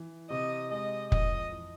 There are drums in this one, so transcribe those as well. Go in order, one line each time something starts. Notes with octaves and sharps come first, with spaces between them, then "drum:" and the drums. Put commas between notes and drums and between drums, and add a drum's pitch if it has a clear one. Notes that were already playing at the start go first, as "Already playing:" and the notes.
Already playing: E3
C3 D#5
G#3 D#5
F2 D#5, drum: kick
E3